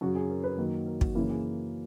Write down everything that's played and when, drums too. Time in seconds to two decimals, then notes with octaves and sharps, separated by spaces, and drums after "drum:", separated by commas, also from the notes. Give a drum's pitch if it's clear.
0.01 F#2 C#3 F#3 F#4
0.15 G#4
0.30 A#4
0.44 B4
0.57 F#2 D#3 F#3 A#3
0.86 A#4
1.01 F#4, drum: kick
1.15 F#2 C#3 E3 A#3 E4
1.29 G#4